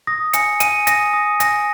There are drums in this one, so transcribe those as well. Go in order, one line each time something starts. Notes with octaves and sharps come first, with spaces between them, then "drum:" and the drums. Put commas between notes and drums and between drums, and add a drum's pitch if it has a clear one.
D#6 A#6
G#5 C#7, drum: hi-hat
G#5 D#7, drum: hi-hat
D#6 A#6, drum: hi-hat
D#6
G#5 A#6, drum: hi-hat